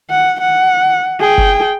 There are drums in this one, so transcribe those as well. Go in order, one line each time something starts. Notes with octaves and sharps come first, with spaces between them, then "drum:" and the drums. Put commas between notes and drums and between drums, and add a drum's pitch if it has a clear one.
F#5
F#5
G#4 G5
drum: kick F#1